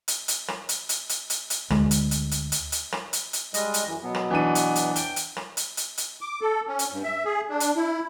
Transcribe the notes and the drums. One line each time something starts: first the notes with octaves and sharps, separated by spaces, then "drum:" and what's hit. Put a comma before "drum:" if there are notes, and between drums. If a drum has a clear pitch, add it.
drum: hi-hat
drum: hi-hat
drum: rim click
drum: hi-hat
drum: hi-hat
drum: hi-hat
drum: hi-hat
drum: hi-hat
D2 G#3, drum: rim click
drum: hi-hat
drum: hi-hat
drum: hi-hat
drum: hi-hat
drum: hi-hat
drum: rim click
drum: hi-hat
drum: hi-hat
G3 G#3 D#5, drum: hi-hat
drum: hi-hat
F#2 E3
B2 F#3 B3
drum: rim click
E3 D4 D#7
drum: hi-hat
drum: hi-hat
G5 G7, drum: hi-hat
drum: hi-hat
drum: rim click
drum: hi-hat
drum: hi-hat
drum: hi-hat
D6
A4
C#4
drum: hi-hat
G2
E5
G#4
D4
drum: hi-hat
E4